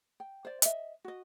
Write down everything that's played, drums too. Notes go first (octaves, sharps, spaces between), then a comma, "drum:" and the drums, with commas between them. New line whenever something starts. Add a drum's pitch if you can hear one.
G5
C5 D5
D#5 E5, drum: hi-hat
F#4 D#5